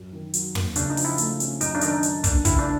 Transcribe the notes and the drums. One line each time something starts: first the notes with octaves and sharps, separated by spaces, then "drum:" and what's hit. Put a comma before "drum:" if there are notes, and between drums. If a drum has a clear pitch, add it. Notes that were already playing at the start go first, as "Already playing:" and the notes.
Already playing: F#2
D#3
F#3, drum: hi-hat
A#3, drum: tom
C#3 D4, drum: hi-hat
D#4
F3, drum: open hi-hat
E4
A3, drum: hi-hat
C#4, drum: hi-hat
F#2 D#4, drum: hi-hat
D4
D#3 D#4, drum: hi-hat
D4
F#3, drum: hi-hat
A#3 D4, drum: kick, hi-hat
C#2 E4, drum: kick, hi-hat
D4